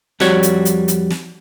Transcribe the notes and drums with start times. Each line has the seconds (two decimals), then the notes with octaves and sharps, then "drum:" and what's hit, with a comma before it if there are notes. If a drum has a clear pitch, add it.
0.20 F2 G3 F#4 C#5, drum: snare
0.43 drum: hi-hat
0.65 drum: hi-hat
0.88 drum: hi-hat
1.10 drum: snare